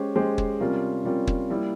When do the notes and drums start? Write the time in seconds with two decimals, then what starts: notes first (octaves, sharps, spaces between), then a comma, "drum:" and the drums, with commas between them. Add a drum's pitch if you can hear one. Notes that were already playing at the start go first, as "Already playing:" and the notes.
Already playing: G#3 C#4 G4 C5
0.15 G#3 C#4 G4 C5
0.38 drum: kick
0.60 C3 G3 C#4 F4 A#4
1.05 C3 G3 C#4 F4 A#4
1.27 drum: kick
1.50 G3 A#3 E4